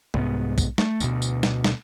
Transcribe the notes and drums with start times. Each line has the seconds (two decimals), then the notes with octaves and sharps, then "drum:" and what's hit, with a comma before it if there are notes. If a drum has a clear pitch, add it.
0.14 C2 G#2 B3, drum: tom
0.58 drum: kick, tambourine
0.78 A3, drum: snare
1.00 D2 B2, drum: tambourine
1.22 drum: tambourine
1.43 drum: snare
1.64 drum: snare